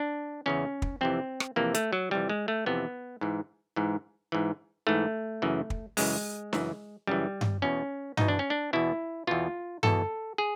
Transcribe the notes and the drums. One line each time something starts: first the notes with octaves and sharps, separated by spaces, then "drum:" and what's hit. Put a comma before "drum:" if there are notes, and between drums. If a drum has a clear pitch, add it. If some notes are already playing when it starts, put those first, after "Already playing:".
Already playing: D4
E2 C#3 E3 C#4
drum: kick
F2 C3 E3 C4
drum: rim click
F2 C3 E3 A#3
A3, drum: hi-hat
F#3
F2 C3 E3 G3
G#3
A3
F2 C3 E3 B3
G#2 E3
G#2 E3
G#2 E3
G#2 E3 A3
F#2 C#3 E3
drum: kick
F#2 C#3 E3 G#3, drum: open hi-hat
F#2 C#3 E3, drum: snare
F#2 C#3 E3 G3
drum: tom G2
E2 B2 C#4
E2 B2 D#4, drum: tom G2
D4
C#4
D4
E2 B2 E4
E2 B2 F4
E2 B2 A4, drum: tom G2
G#4